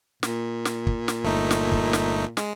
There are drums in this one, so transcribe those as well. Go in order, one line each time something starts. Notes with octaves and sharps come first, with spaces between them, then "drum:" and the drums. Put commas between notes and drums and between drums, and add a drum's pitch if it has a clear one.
A#2, drum: snare
drum: snare
drum: kick
drum: snare
G1 A3 D#4
drum: snare
drum: kick
drum: snare
G#3, drum: snare